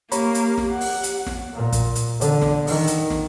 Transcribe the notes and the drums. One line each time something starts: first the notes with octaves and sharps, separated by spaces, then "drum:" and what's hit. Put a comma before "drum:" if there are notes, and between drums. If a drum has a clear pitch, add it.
A#3 G4 C#5 A#5 B5, drum: hi-hat
drum: hi-hat
drum: snare
F#5
drum: open hi-hat
drum: hi-hat
drum: snare
A#2
drum: kick, hi-hat
drum: hi-hat
D3, drum: hi-hat
drum: snare
D#3, drum: open hi-hat
drum: hi-hat
drum: snare